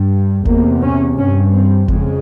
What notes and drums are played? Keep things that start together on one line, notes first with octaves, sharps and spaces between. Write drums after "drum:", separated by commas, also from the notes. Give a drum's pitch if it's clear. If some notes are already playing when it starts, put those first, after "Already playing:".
Already playing: G2
E2 C3 A#3, drum: kick F#1
C#4
G2 C#4
C4
F2 C#3 G#3, drum: kick F#1